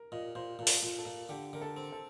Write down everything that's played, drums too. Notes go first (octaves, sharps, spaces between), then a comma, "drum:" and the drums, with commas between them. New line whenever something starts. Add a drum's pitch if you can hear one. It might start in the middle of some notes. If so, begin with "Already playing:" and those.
Already playing: A#4
A#2 D#5
A#2 C5
A#2 A4
A#4, drum: open hi-hat
A#2
A4
A#2
D3 G4
D3 A#4
A4
C4
A4